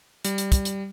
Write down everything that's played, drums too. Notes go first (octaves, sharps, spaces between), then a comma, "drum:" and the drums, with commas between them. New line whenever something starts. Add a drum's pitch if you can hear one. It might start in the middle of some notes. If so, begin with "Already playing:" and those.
G3, drum: hi-hat
drum: hi-hat
drum: kick, hi-hat
drum: hi-hat